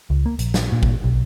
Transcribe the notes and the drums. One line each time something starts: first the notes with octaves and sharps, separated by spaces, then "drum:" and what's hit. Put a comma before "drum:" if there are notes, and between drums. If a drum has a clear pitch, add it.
C#2
A#3
A#1, drum: hi-hat
drum: snare
A#2
drum: kick G#1
B1